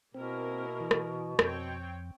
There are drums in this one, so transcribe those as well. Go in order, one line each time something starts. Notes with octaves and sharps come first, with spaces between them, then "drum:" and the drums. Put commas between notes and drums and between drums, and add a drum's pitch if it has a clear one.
B2 A#3 C4 E4 A#4
E3
drum: rim click
F2 C4 C#5 G5, drum: rim click